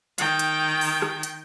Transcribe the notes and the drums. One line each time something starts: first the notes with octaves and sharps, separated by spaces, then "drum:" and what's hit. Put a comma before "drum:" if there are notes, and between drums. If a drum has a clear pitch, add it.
D#3 G5, drum: hi-hat
drum: hi-hat
drum: open hi-hat
drum: rim click
drum: hi-hat